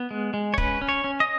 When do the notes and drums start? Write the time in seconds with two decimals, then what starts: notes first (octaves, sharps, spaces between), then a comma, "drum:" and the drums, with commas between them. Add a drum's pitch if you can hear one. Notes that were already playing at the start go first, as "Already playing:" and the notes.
Already playing: B3
0.11 G#3
0.34 G#3
0.54 C#5
0.58 C#4 B4, drum: kick
0.81 C#4
0.89 C#5
1.04 C#4
1.20 D#5